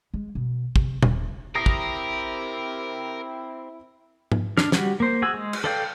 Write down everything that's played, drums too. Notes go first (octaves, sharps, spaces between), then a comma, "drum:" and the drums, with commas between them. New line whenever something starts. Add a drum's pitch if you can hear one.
G#3
B2
C3, drum: kick
D#1, drum: tom A#2
C4 E4 G4 A#4 D#6 A#6 C7
drum: kick
drum: tom G#2
D4 F6, drum: snare
G3 F#4, drum: snare
A#3 C5
F#4 G#4 G#5 E6
G#3
drum: cymbal
A4 B4 D5 F5 G5